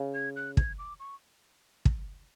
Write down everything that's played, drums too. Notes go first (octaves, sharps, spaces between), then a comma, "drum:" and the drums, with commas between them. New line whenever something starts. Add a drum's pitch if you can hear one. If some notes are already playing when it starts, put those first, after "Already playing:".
Already playing: C#3
G#6
F#6
G#6, drum: kick
D6
C#6
drum: kick